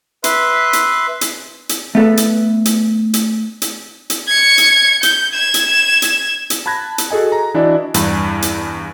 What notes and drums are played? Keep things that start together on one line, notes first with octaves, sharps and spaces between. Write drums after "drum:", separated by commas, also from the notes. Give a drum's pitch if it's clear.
B4 E5 C6, drum: hi-hat
drum: hi-hat
drum: hi-hat
drum: hi-hat
A3 B3 A4 B4
drum: hi-hat
drum: hi-hat
drum: hi-hat
drum: hi-hat
drum: hi-hat
G#6 C#7
drum: hi-hat
G6, drum: hi-hat
G#6 E7
drum: hi-hat
drum: hi-hat
drum: hi-hat
A5 B5 F#6 G#6 A#6
drum: hi-hat
F#4 G#4 A4 D#5 G#5
A#5
E3 D4 E4 F#4 D5 D#5
E2 G2, drum: hi-hat
drum: hi-hat